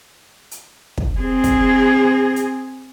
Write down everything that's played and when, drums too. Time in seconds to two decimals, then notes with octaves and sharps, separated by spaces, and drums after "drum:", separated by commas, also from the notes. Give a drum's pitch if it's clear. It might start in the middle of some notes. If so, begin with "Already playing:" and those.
0.51 drum: hi-hat
0.98 drum: kick
1.21 C4 G#4
1.44 drum: kick, hi-hat
2.36 drum: hi-hat